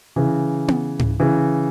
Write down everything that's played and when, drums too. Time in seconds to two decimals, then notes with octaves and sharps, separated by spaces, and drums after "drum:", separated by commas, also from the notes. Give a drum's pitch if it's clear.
0.16 C#3 E3
0.68 drum: tom B3
0.99 drum: tom G#2
1.20 C#3 E3